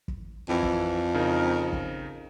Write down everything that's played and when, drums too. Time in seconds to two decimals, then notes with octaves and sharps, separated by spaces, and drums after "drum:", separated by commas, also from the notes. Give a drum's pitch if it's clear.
0.08 drum: kick
0.49 F2 E3 E4
0.63 drum: kick
1.14 C#3 D#4 A#4
1.73 drum: kick